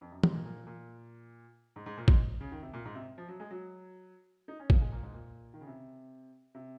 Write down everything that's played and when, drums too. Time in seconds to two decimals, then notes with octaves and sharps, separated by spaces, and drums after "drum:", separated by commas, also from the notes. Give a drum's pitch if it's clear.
0.01 F2
0.12 F#2
0.23 G#2, drum: tom
0.35 A#2
0.46 A#2
0.67 A#2
1.76 G#2
1.86 G#2
1.97 A#2
2.08 G#2, drum: kick
2.40 C#3
2.52 D#3
2.62 C3
2.73 A#2
2.85 G#2
2.95 C3
3.18 F3
3.29 F#3
3.40 G#3
3.51 F#3
4.48 D#4
4.59 C#4
4.70 A#3, drum: kick
4.81 G#3
4.92 A#2
5.03 G#2
5.14 A#2
5.54 D#3
5.61 C#3
5.67 C3
6.55 C3